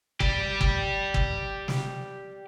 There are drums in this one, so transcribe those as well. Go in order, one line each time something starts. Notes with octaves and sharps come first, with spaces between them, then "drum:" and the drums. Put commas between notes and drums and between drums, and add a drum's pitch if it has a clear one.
G4 D5, drum: kick G1
drum: kick G1
drum: kick G1
drum: snare